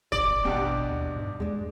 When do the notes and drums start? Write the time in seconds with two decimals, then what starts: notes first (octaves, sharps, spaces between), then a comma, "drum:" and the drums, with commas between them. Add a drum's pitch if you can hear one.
0.12 D5, drum: kick
0.30 A1
0.43 E2 G2 B2 D4 G4
0.90 D#2
1.16 G#2
1.40 E2 G#3 D4